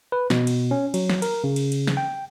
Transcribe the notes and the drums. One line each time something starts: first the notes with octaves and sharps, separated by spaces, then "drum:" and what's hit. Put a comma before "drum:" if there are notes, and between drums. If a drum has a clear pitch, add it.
B4
B2, drum: snare
drum: cymbal
C#4
F#3, drum: cymbal
drum: snare
A#4, drum: cymbal
C#3
drum: cymbal
drum: cymbal
drum: snare
G5